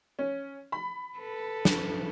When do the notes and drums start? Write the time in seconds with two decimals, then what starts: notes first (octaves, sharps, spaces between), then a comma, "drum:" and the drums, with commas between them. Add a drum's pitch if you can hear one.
0.19 C#4
0.72 B5
1.18 A4 B4
1.65 drum: snare